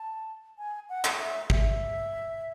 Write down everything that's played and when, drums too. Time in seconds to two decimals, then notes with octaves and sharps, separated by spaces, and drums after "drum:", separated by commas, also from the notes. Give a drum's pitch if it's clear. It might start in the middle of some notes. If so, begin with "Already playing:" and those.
Already playing: A5
0.58 G#5
0.89 F#5
1.04 drum: clap
1.19 E5
1.50 E5, drum: kick